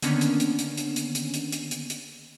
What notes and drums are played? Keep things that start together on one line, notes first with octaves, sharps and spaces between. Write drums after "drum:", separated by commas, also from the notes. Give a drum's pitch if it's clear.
D3 D#3 A#3 B3 C#4 D4, drum: hi-hat
drum: hi-hat
drum: hi-hat
drum: hi-hat
drum: hi-hat
drum: hi-hat
drum: hi-hat
drum: hi-hat
drum: hi-hat
drum: hi-hat
drum: hi-hat